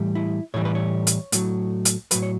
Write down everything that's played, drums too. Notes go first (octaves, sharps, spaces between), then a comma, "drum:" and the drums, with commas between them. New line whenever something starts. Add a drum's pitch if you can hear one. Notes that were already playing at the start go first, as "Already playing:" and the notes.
Already playing: A2 E3 G3
E4
A2 E3 G3 C#5
B4
C#5
drum: hi-hat
A2 F#3, drum: hi-hat
drum: hi-hat
A2 F#3 B4, drum: hi-hat
C#5